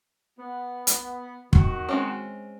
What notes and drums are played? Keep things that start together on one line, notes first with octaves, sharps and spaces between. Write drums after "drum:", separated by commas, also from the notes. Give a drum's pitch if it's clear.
B3
drum: hi-hat
D#3 F#4, drum: kick
G#3 C4 C#4